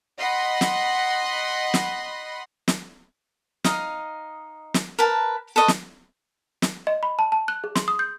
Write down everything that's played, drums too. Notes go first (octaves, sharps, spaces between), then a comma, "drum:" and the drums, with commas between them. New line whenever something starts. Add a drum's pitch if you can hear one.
D#5 F#5 B5 C6
drum: snare
drum: snare
drum: snare
D#4 D#5 F5, drum: snare
drum: snare
A#4 B4 A5
A4 B4 D#5 C#6
drum: snare
drum: snare
D#5
B5
A5
A5
F#6
G#4
C6, drum: snare
D#6
G6